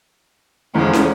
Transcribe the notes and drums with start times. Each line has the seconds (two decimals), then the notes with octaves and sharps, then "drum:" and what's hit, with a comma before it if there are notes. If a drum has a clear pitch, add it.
0.74 F1 E2 F3 G#3 C#4
0.93 drum: snare